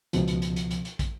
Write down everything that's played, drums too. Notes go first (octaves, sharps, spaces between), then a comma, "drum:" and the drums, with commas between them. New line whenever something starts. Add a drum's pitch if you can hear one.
C#2 B2 F3, drum: hi-hat
drum: hi-hat
drum: hi-hat
drum: hi-hat
drum: hi-hat
drum: hi-hat
drum: kick, hi-hat